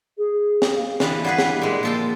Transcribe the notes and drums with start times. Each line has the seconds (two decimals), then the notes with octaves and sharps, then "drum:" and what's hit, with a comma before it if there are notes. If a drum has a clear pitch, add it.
0.17 G#4
0.62 drum: snare
0.75 F5
1.00 D3 E3 B3, drum: snare
1.24 G3 G#4 B4 F#5
1.38 drum: snare
1.62 A#2 G#3 G#4
1.83 F3 A#3 A4 G5